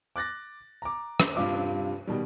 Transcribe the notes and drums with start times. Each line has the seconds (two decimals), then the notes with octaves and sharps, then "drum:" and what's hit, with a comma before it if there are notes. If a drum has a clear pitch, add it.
0.16 D6 F#6 A6 A#6
0.82 A#5 D6
1.20 drum: rim click
1.36 G2 C3 F4 D6
2.07 B2 D#3 G3